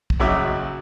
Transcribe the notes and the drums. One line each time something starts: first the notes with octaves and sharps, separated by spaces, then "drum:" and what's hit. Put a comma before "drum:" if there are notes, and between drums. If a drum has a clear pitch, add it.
drum: kick
A#1 F#2 C#3 F#3 E5 D6